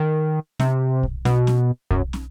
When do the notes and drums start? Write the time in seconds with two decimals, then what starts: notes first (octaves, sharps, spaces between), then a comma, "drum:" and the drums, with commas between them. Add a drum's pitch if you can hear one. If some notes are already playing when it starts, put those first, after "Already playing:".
Already playing: D#3
0.59 C3, drum: snare
1.03 drum: kick
1.25 B2, drum: snare
1.47 drum: snare
1.91 F#2, drum: kick
2.13 drum: snare